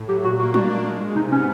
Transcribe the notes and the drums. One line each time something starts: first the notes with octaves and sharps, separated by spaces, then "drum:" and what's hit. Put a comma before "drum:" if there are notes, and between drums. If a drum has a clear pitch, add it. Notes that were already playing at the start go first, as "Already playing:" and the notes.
Already playing: A2
F#3 G4
A#2 F#4
A#3 F#4
D4 F#4, drum: tom F#3
D4
G#3
G#2
C3 D#4
B3 C#4